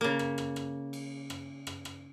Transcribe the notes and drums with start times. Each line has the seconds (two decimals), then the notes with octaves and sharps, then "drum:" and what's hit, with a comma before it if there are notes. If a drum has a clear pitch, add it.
0.01 C#3 A#3
0.19 drum: rim click
0.38 drum: rim click
0.56 drum: rim click
0.93 drum: cymbal
1.30 drum: rim click
1.67 drum: rim click
1.85 drum: rim click